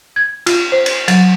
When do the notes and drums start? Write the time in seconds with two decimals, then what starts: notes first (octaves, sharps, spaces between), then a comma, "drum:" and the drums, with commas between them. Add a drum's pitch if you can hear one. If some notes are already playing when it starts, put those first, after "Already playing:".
0.16 G#6
0.46 F4, drum: cymbal
0.72 C5
0.86 drum: cymbal
1.08 F#3, drum: cymbal